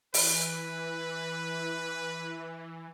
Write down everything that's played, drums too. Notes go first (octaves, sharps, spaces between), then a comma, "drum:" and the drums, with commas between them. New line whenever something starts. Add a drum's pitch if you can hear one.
E3 B4, drum: open hi-hat